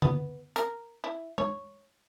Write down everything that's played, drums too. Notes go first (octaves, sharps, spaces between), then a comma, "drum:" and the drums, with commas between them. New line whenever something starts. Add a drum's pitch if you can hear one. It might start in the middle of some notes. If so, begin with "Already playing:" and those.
B3, drum: tom D3
A#4, drum: hi-hat
E4
C#5, drum: tom